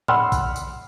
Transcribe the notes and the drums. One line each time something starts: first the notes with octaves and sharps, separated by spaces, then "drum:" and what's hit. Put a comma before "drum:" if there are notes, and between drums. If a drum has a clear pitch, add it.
F#5 B5 C6 E6 F6, drum: tom A2
drum: kick A#1, tambourine
drum: tambourine